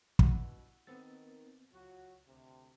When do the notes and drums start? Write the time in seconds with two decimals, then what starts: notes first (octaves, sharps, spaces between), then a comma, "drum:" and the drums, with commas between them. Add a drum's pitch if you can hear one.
0.19 G2 B2 E4 F#4, drum: kick
0.87 D#3 B3 C4 A4 A6
1.73 C#2 F#3 F4 F#4
2.27 D2 C3